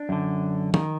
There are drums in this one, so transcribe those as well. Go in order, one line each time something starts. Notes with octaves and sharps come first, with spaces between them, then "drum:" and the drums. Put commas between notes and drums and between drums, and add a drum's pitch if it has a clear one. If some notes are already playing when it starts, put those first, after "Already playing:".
Already playing: D4
F#2 D3
D#3, drum: tom